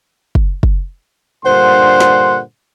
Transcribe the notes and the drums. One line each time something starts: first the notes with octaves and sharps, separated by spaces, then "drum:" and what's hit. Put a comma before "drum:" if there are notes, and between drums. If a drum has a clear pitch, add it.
drum: kick
drum: kick
G2 A#2 D3 C5 F#5 C6
drum: snare